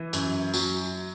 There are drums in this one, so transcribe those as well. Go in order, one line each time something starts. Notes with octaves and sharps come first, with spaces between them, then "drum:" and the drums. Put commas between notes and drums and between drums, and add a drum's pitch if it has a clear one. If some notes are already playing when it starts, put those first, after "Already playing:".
Already playing: E3
F#2, drum: hi-hat
F#3, drum: tambourine